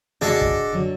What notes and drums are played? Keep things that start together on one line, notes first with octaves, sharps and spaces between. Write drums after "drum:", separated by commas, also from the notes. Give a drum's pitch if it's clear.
D4 F#4 G#4 A4 D#5, drum: snare
drum: kick
D3 F#3